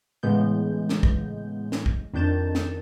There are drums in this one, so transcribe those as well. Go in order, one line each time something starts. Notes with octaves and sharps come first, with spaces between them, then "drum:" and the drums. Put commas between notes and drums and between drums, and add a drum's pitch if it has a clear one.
A2 C#3 E3 G#3 B3 G6
drum: snare
drum: kick
drum: snare
drum: kick
F2 D#3 D4 G6 A6 E7
drum: snare